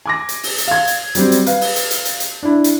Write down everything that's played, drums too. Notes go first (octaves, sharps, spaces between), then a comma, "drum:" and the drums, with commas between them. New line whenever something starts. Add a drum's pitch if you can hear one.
G#5 D6 A#6
drum: hi-hat
drum: open hi-hat
drum: hi-hat
F5 G#6
drum: hi-hat
F#3 G3 C4, drum: hi-hat
drum: hi-hat
B4 F5, drum: hi-hat
drum: open hi-hat
drum: hi-hat
drum: hi-hat
drum: hi-hat
drum: hi-hat
D4 E4
drum: hi-hat